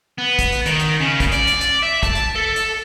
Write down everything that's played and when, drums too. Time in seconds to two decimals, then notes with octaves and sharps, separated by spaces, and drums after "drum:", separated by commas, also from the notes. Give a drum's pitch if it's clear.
0.18 B3
0.39 drum: kick, hi-hat
0.52 drum: hi-hat
0.66 D#3, drum: hi-hat
0.79 drum: hi-hat
1.01 C#3
1.20 drum: kick, hi-hat
1.32 D5, drum: hi-hat
1.47 drum: hi-hat
1.61 drum: hi-hat
1.82 E5
2.03 A5, drum: kick, hi-hat
2.15 drum: hi-hat
2.35 A4
2.56 drum: hi-hat